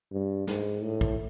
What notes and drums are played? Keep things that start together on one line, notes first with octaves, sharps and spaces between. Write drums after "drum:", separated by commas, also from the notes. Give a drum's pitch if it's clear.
G2
G#2, drum: snare
A2
drum: kick